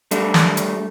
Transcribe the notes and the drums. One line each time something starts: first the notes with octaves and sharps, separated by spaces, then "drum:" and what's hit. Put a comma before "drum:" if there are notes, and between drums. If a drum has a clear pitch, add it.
G3 A3 D4, drum: hi-hat
drum: snare
drum: hi-hat